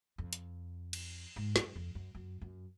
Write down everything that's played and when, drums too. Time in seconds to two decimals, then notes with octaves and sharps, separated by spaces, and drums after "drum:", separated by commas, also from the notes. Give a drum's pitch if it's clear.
0.18 F2
0.33 drum: hi-hat
0.93 drum: cymbal
1.36 G#2
1.56 F#2, drum: snare
1.76 F2
1.95 F#2
2.15 F#2
2.41 F#2